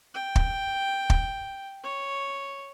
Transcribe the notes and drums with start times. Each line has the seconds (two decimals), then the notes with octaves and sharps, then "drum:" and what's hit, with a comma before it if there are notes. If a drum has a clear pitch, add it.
0.14 G5
0.36 drum: kick
1.10 drum: kick
1.84 C#5